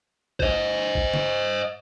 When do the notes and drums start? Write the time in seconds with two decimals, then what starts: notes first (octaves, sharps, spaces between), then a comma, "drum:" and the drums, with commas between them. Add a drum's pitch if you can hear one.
0.40 C5 D#5, drum: kick A1
0.95 drum: kick A1
1.14 drum: snare